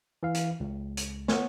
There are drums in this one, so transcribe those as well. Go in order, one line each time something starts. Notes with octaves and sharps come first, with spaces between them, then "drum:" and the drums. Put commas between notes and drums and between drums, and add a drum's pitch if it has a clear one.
E3 F5
drum: hi-hat
C#2
drum: hi-hat
B3 C#5, drum: snare